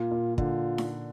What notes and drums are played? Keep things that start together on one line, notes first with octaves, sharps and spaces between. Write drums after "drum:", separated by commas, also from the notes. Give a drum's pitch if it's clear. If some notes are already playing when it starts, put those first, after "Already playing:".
Already playing: A#2 F4
A#2
D3 F4, drum: kick
drum: snare D#4